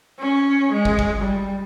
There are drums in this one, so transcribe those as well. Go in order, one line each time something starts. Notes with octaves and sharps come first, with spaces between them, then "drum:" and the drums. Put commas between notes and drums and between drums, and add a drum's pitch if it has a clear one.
C#4
G#3
drum: kick
drum: kick
G3